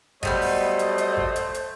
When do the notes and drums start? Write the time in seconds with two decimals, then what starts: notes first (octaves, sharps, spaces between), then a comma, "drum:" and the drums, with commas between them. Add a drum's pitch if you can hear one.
0.23 F#3 G3 A3 B3 C5 D#5, drum: kick G#1
0.42 drum: open hi-hat
0.79 drum: hi-hat
0.98 drum: hi-hat
1.17 drum: kick G#1
1.36 drum: hi-hat
1.54 drum: hi-hat